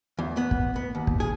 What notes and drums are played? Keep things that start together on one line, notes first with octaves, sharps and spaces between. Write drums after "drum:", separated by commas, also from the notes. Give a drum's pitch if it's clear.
E2
B3
drum: kick
B3
D#2
drum: kick
G#4